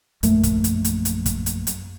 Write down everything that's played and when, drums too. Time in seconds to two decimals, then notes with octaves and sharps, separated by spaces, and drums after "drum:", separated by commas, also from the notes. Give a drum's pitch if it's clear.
0.23 A#1 F#2 A3 A#3, drum: hi-hat
0.43 drum: kick, hi-hat
0.64 drum: hi-hat
0.85 drum: hi-hat
1.05 drum: hi-hat
1.26 drum: kick, hi-hat
1.46 drum: hi-hat
1.67 drum: hi-hat